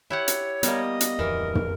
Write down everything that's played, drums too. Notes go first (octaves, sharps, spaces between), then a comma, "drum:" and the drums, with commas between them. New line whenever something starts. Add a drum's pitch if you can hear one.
E4 G4 C#5 F#5
drum: hi-hat
G3 A#3 B3 D#5, drum: hi-hat
drum: hi-hat
D1 F2 E3 A#4
drum: tom